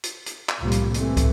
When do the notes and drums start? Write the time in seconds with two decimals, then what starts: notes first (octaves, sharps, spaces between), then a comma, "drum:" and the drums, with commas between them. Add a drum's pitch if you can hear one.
0.03 drum: hi-hat
0.26 drum: hi-hat
0.49 drum: clap
0.60 C2 A2 F3 G3 A#3
0.71 drum: hi-hat
0.94 E3 A3 C4, drum: hi-hat
1.17 drum: kick, hi-hat